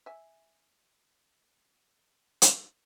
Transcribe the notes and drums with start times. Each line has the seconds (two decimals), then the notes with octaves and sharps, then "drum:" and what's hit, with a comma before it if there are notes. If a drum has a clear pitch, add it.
0.06 E5 G#5
2.42 drum: hi-hat